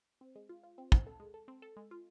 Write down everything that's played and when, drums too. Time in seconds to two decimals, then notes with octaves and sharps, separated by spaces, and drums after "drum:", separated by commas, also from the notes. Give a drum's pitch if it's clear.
0.21 C4
0.35 G#3
0.49 F4
0.63 F4
0.78 C4
0.92 C4, drum: kick
1.07 A4
1.20 G#3
1.34 A4
1.48 C4
1.62 A4
1.77 G#3
1.91 F4